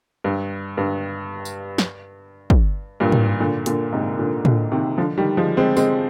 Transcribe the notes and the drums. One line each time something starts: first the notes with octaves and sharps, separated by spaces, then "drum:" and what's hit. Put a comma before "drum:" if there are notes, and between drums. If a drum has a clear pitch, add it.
G2
G2
drum: tambourine
drum: snare
drum: kick
G2 A#2
drum: tom G#2
A#2 D3
A#2 D3, drum: hi-hat
G#2 C3
A#2 D3
A#2 D3, drum: tom A2
C3 D#3
D3 F3
D#3 G3
F3 G#3
G#3 C4
G#3 C4, drum: tambourine